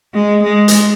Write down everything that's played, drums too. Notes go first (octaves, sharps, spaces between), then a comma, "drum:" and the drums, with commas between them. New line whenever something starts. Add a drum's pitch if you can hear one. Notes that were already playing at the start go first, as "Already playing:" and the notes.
G#3
G#3
drum: hi-hat